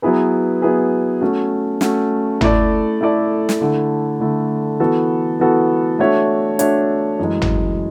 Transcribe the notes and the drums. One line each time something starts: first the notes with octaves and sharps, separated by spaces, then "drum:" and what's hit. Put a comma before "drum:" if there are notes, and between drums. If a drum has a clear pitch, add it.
F#3 B3 E4 G#4 B4
F#3 B3 E4 G#4 B4
A3 C#4 F#4
A3 C#4 F#4, drum: snare
A3 E4 A4 D5, drum: tom
A3 E4 A4 D5
drum: snare
D3 A3 E4
D3 A3 E4
E3 B3 F#4 A4
E3 B3 F#4 A4
A3 D4 F#4 C#5 E5
A3 D4 F#4 C#5 E5, drum: hi-hat
F#2 E3 G#3
drum: tom